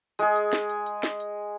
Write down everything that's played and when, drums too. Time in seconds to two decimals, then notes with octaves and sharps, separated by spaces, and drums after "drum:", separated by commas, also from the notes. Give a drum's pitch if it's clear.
0.19 G#3 G#4, drum: hi-hat
0.36 drum: hi-hat
0.53 drum: snare
0.70 drum: hi-hat
0.86 drum: hi-hat
1.03 drum: snare
1.20 drum: hi-hat